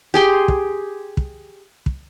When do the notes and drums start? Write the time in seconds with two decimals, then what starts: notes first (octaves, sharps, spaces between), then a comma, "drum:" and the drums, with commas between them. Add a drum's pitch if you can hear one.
0.14 G4 G#4 C6
0.48 drum: kick
1.17 drum: kick
1.86 drum: kick